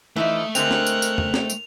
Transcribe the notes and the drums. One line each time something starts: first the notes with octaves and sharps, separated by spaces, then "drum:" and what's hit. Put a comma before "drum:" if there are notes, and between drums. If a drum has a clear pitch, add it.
E3 F3 A3 D#4 E5
D3 G#3 C4 A#4 F#6 F7, drum: tambourine
drum: snare
drum: tambourine
drum: tambourine
drum: tom
drum: snare
drum: tambourine